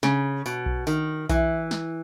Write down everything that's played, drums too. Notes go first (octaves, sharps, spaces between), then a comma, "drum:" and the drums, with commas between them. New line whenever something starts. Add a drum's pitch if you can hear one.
C#3, drum: snare
B2, drum: tambourine
drum: kick B1
D#3, drum: tambourine
E3, drum: kick B1, tambourine
drum: snare